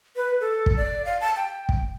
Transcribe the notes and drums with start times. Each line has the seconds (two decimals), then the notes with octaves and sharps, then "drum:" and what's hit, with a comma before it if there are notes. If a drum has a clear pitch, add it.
0.16 B4
0.41 A4
0.66 drum: kick
0.77 D5
1.05 F5
1.21 A5
1.36 G5
1.69 drum: kick